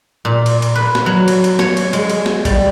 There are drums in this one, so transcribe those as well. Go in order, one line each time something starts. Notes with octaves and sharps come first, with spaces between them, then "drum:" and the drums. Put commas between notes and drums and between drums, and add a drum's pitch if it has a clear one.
A#2
drum: cymbal
drum: cymbal
B4
drum: snare
F#3
drum: cymbal
drum: cymbal
C#5, drum: snare
drum: cymbal
G#3, drum: cymbal
drum: cymbal
drum: snare
G3, drum: kick A1, cymbal